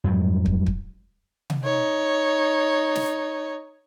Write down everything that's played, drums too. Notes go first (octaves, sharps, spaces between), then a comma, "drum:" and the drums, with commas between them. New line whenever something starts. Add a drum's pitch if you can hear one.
F2 G#2 F#3 G3
drum: kick
drum: kick
drum: tom C3
D#4 C#5
drum: snare